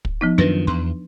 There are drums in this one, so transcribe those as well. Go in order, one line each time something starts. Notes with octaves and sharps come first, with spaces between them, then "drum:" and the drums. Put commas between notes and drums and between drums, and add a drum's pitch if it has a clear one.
drum: kick
F3 B3 D#4
F#2 D#3 F3 D4 B4 A#6
E2 C6